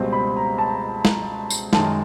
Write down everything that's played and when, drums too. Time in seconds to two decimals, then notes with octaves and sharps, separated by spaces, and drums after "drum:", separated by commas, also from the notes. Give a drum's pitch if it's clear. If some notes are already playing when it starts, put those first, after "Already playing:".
Already playing: C#2 B2 G3 C4
0.13 B5
0.37 A#5
0.58 A5
1.05 drum: snare
1.50 drum: tambourine
1.73 F#2 D#3 G#3 A5, drum: snare